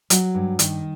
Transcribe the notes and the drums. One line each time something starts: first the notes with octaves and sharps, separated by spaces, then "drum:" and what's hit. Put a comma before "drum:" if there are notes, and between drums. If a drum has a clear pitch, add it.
F#3, drum: hi-hat
G2
D#3, drum: hi-hat